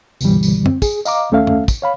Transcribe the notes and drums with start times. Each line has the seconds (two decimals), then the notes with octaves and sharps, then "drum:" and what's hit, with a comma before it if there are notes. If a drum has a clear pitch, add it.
0.21 C#2 G2 B2 D3 E3 G3, drum: tambourine
0.43 drum: tambourine
0.66 C4, drum: tom
0.82 G#4, drum: kick, tambourine
1.05 D#5 F5 A#5 D6, drum: tambourine
1.32 D#2 A3 C#4 A4 E5 F5
1.47 drum: tom
1.68 drum: kick, tambourine
1.82 C#5 F5 B5